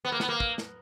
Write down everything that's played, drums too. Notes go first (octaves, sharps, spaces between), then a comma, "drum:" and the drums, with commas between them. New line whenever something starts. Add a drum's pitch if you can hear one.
B3
A#3
B3, drum: snare
A#3
drum: kick
drum: snare